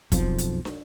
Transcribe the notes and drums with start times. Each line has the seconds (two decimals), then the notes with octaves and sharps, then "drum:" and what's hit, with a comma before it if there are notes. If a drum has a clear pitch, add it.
0.12 B1 F2 F3, drum: kick, hi-hat
0.38 drum: hi-hat
0.65 drum: snare